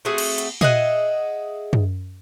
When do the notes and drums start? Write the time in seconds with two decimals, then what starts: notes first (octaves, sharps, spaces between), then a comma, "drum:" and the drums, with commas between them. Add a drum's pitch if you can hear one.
0.05 A3 C4 F#4 G#4
0.18 drum: cymbal
0.38 drum: hi-hat
0.61 G#4 D#5 E5 F#5, drum: tom A#2
1.73 drum: tom F#2